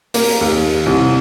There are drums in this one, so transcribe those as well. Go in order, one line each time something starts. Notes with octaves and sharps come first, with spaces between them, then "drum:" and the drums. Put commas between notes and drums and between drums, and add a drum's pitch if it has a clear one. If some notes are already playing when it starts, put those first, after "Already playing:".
A#3, drum: open hi-hat
D#2
C2